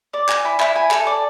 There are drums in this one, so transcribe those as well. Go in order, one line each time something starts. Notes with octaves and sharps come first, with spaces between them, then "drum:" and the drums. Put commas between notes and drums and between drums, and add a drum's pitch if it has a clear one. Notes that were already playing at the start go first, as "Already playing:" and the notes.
D5
G#5, drum: clap
E4
E4, drum: clap
G#5
A4, drum: clap
D5